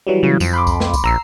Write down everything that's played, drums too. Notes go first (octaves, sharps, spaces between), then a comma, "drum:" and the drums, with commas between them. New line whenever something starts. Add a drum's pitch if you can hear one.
E3 F#3 G3
C#3
F2, drum: tambourine
B5 C6 D6
drum: kick C2, tambourine
drum: snare
drum: kick C2, tambourine
A#1 A#5 E6 C7